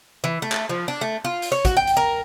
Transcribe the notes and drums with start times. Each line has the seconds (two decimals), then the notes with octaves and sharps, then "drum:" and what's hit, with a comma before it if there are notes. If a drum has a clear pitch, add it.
0.24 E3
0.42 A3
0.52 drum: clap
0.69 F3
0.88 D4
1.01 A3
1.24 F4
1.42 drum: hi-hat
1.52 C#5
1.65 F#4, drum: kick, hi-hat
1.77 G5
1.87 drum: hi-hat
1.97 A#4